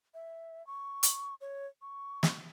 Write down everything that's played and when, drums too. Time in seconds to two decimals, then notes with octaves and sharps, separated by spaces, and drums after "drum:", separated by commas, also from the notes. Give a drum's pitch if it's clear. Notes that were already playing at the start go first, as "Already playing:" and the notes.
0.14 E5
0.67 C#6
1.03 drum: hi-hat
1.41 C#5
1.82 C#6
2.23 drum: snare